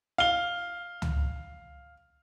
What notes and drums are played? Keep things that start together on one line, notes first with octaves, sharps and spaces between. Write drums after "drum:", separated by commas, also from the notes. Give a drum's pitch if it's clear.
F5 G7
drum: tom C#2